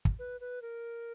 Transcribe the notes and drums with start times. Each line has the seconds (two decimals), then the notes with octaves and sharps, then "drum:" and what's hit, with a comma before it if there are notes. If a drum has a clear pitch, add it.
0.05 drum: kick
0.19 B4
0.40 B4
0.62 A#4